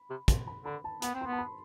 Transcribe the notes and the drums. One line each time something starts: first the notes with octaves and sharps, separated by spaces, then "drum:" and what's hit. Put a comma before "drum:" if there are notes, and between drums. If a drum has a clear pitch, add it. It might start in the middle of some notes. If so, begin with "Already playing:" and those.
Already playing: B5
C3
C6, drum: kick, hi-hat
B5
D3 B5
A5
B3 B5, drum: hi-hat
C4
B3 C6
A5
B5